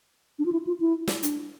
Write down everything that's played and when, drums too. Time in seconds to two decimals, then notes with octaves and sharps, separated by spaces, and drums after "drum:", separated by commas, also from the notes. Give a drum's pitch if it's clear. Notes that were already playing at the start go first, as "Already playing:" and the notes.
0.39 D4
0.46 F4
0.52 E4
0.67 F4
0.80 E4
1.08 drum: snare
1.23 D4, drum: hi-hat